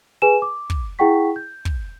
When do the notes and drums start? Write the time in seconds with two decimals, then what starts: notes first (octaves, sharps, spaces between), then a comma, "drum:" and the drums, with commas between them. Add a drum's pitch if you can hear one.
0.22 G#4 B4 G#5 E7
0.42 D6
0.70 drum: kick
0.99 E4 G#4 F#5 G5 C#6 B6
1.36 G6
1.65 drum: kick